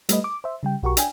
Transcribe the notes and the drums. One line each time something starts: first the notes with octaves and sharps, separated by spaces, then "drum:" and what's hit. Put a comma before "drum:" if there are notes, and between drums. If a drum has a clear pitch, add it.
G3 A3 B4 D#5, drum: hi-hat
D6
C5 E5
C#3 G3 G5
B1 F#4 G4 A#4 C#6
D4 G5 G#5, drum: hi-hat